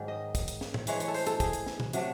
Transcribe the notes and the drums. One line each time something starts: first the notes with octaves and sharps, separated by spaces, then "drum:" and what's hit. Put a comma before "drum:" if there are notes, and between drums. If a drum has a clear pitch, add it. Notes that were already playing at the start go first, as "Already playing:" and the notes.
Already playing: G#2 D#3 F#3
D#5
drum: kick, hi-hat
drum: hi-hat
drum: snare
drum: tom A2
A2 E3 G#3 C#5, drum: hi-hat
C#5, drum: hi-hat
A4
C5, drum: open hi-hat
A4, drum: hi-hat
G#4, drum: kick, hi-hat
drum: hi-hat
drum: snare
drum: tom
C3 F#3 A3, drum: hi-hat